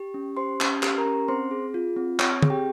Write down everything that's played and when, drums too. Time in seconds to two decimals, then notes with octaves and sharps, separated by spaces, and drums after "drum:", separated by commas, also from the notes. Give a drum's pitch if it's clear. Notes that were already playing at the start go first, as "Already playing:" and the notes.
Already playing: G4
0.14 C#4
0.37 G4 C5 C6
0.61 C#4, drum: clap
0.83 G4, drum: clap
0.98 A#4 A#5
1.05 C#4
1.28 C4 C5 C6
1.51 G#4
1.74 F4
1.97 C4
2.19 C4 C#5 C#6, drum: clap
2.42 G#4, drum: tom
2.50 G4 G5